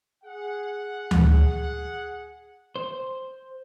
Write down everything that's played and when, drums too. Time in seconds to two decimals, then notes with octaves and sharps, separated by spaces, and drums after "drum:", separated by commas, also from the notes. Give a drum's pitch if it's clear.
0.24 G#4 F#5
1.11 drum: tom D2
2.76 C5